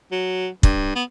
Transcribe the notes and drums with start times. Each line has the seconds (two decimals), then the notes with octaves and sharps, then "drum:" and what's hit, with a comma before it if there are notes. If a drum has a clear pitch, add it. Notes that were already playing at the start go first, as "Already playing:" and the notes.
0.11 F#3
0.63 G2, drum: kick
0.95 B3